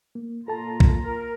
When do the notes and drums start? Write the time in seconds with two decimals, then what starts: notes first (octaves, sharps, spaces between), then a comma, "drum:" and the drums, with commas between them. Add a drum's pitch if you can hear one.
0.15 A#3
0.48 A#2 F4 A4 A5 A#5
0.80 drum: kick B1
1.02 A#4